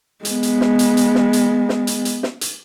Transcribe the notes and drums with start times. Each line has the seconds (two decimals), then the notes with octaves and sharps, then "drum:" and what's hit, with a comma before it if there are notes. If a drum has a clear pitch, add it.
0.25 G#3 B3, drum: hi-hat
0.43 drum: hi-hat
0.61 drum: snare
0.79 drum: hi-hat
0.97 drum: hi-hat
1.15 drum: snare
1.33 drum: hi-hat
1.69 drum: snare
1.87 drum: hi-hat
2.05 drum: hi-hat
2.23 drum: snare
2.41 drum: hi-hat